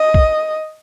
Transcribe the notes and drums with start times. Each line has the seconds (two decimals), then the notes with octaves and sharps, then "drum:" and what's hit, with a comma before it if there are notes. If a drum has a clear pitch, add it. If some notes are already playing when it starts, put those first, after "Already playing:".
Already playing: D#5
0.14 drum: kick